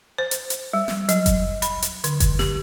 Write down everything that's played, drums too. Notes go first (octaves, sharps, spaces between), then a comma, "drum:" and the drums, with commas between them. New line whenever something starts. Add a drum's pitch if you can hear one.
C5
drum: hi-hat
drum: hi-hat
G3
drum: snare
F#3, drum: hi-hat
drum: kick F#1, hi-hat
B5, drum: hi-hat
drum: hi-hat
D3, drum: hi-hat
drum: kick F#1, hi-hat
G4, drum: snare